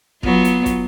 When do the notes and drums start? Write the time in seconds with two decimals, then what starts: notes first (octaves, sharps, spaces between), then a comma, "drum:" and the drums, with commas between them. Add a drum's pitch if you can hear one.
0.23 F#3 B3 F4, drum: kick
0.44 drum: hi-hat
0.66 drum: kick, hi-hat